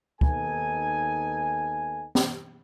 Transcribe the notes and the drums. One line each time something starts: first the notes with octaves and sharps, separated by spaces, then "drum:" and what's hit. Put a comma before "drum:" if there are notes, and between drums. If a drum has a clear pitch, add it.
D#2 B3 D#4 A4 G#5, drum: kick
drum: snare